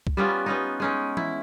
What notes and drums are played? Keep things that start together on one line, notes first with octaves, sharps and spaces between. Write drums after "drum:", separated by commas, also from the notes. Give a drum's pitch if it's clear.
drum: kick C2
G3 B3 C#4 F4
B3 C#4 D#4
G#3 C#4 D#4
E4, drum: tom E3